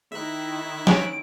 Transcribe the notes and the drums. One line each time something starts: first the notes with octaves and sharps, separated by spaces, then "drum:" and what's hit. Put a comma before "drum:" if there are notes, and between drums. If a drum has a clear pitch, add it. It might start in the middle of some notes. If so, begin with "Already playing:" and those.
D#3 E4 E5 F#6
C#4 D7, drum: snare